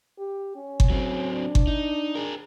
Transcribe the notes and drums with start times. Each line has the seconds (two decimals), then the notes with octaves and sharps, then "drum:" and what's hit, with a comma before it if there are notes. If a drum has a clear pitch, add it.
0.19 G4
0.56 C#4
0.80 drum: kick G1
0.90 F#3 C4
1.32 D4
1.55 drum: kick G1
1.67 D#4
2.15 G#4 A#4